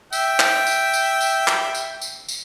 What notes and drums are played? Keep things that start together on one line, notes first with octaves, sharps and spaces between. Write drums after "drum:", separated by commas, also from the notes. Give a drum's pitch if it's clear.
E5 G5, drum: tambourine
drum: clap
drum: tambourine
drum: tambourine
drum: tambourine
drum: clap
drum: tambourine
drum: tambourine
drum: tambourine